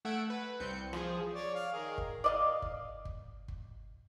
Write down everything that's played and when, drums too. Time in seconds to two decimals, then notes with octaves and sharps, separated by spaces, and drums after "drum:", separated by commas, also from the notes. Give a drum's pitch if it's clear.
0.05 A3 F#5 E6 G#6 D7
0.30 B4
0.60 C2 C4 G6 C#7
0.93 F3 G#4, drum: rim click
1.34 C#5 D5
1.55 F5
1.73 D#3 G#4 A#4
1.98 drum: kick G1
2.24 D5 D#5 F5
2.62 drum: kick G1
3.05 drum: kick G1
3.48 drum: kick G1